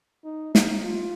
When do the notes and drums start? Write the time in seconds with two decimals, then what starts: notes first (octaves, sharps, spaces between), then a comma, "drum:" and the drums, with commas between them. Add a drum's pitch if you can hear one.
0.25 D#4
0.55 D#4, drum: snare
0.84 F4